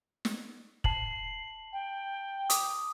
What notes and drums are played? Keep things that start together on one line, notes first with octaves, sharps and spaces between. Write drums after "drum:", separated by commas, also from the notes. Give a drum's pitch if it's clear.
drum: snare
A5 C7 F#7, drum: kick
G5
D6 D#6, drum: hi-hat